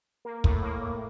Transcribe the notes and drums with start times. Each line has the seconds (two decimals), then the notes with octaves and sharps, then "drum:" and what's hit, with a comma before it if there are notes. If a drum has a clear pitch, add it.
0.25 A#3
0.44 A2, drum: kick
0.63 A#3
0.82 A2